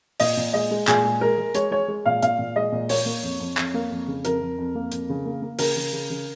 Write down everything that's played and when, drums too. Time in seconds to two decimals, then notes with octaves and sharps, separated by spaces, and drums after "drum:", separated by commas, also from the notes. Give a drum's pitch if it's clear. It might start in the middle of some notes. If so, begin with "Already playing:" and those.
0.20 A#2 D#5, drum: open hi-hat
0.37 A#2
0.53 G#3 D#5
0.71 G#3
0.87 A#2 G#4, drum: clap
1.04 G#3
1.21 G#3 A#4
1.38 G#3
1.54 G#3 C#5, drum: hi-hat
1.71 G#3 C#5
1.88 G#3
2.06 A#2 F5
2.22 A#2 F5, drum: hi-hat
2.39 A#2
2.56 G#3 D#5
2.72 A#2
2.89 A#3 C#5, drum: open hi-hat
3.06 A#3
3.23 F2
3.40 F2
3.57 F2, drum: clap
3.74 A#3
3.91 F2
4.07 C#3
4.25 F2 A#4, drum: hi-hat
4.41 F2
4.58 F2
4.75 A#3
4.92 F2, drum: hi-hat
5.09 C#3
5.26 A#3
5.42 A#3
5.59 C#3 A#4, drum: open hi-hat
5.76 C#3
5.93 C#3
6.10 C#3